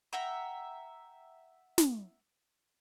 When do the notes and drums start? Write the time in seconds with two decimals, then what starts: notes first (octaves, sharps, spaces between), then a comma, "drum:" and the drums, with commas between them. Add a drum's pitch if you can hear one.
0.13 E5 F#5 G5 A#5
1.78 drum: snare